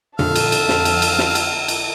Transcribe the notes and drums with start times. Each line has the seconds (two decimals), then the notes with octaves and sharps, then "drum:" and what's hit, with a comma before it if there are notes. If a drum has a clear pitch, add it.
0.19 F2 D3 E5 F5 A5, drum: tom A#2
0.35 drum: cymbal
0.52 drum: cymbal
0.69 drum: snare
0.85 drum: cymbal
1.02 drum: cymbal
1.19 drum: snare
1.35 drum: cymbal
1.68 drum: cymbal